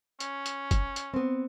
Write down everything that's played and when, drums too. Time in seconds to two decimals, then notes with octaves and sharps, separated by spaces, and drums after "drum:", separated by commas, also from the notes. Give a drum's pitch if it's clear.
0.20 C#4, drum: hi-hat
0.46 drum: hi-hat
0.71 drum: kick, hi-hat
0.96 drum: hi-hat
1.14 B3 C4